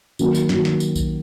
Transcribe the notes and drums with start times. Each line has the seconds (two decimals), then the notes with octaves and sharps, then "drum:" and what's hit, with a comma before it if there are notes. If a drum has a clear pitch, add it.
0.19 D#3 F#3 A#3, drum: tambourine
0.35 drum: tambourine
0.49 D#3 F#3 A#3, drum: snare
0.65 drum: snare
0.80 drum: tambourine
0.96 drum: kick A#1, tambourine